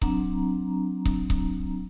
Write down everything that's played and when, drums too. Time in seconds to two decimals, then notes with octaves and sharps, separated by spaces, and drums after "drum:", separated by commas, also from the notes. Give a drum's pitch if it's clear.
0.02 F#3 C4 D4 A#5, drum: kick C#1
1.05 drum: kick C#1
1.30 drum: kick C#1